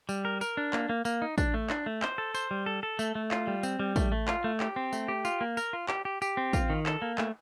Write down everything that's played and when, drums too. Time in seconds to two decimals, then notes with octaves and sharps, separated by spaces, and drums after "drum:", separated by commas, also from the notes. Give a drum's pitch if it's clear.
0.09 G3, drum: tambourine
0.25 A#4
0.41 A#4, drum: tambourine
0.57 D4
0.73 A#3, drum: clap
0.89 A#3
1.05 A#3, drum: tambourine
1.22 D#4
1.38 D4, drum: kick, tambourine
1.54 A3
1.70 D4, drum: clap
1.86 A3
2.02 C5, drum: clap
2.18 A4
2.35 C5, drum: tambourine
2.51 G3
2.66 A4
2.83 A4
2.99 A3, drum: tambourine
3.15 A3
3.31 F4, drum: clap
3.47 G3
3.63 C4, drum: tambourine
3.79 G3
3.96 A3, drum: kick, tambourine
4.12 A3
4.28 F4, drum: clap
4.44 A3
4.60 G4, drum: clap
4.76 C4
4.93 A3, drum: tambourine
5.08 G4
5.25 F4, drum: tambourine
5.41 A#3
5.57 A#4, drum: tambourine
5.73 F4
5.89 G4, drum: clap
6.05 G4
6.22 G4, drum: tambourine
6.37 C4
6.53 F4, drum: kick, tambourine
6.70 D#3
6.86 A4, drum: clap
7.02 A#3
7.18 A3, drum: clap